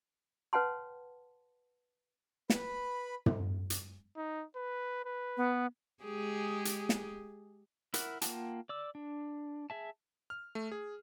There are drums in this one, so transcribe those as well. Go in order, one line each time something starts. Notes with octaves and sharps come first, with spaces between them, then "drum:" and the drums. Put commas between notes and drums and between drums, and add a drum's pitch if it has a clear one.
B4 C#5 F#5 G5 A5 C6
B4 B5, drum: snare
drum: tom
drum: hi-hat
D#4
B4
B4
B3
G#3 G4 G#4
drum: hi-hat
drum: snare
E4 A#4 F#5 F#6, drum: hi-hat
A#3 F4 F#5 G5 A5, drum: hi-hat
D5 D6 E6
D4
G#4 E5 A5
F6
A3
G#4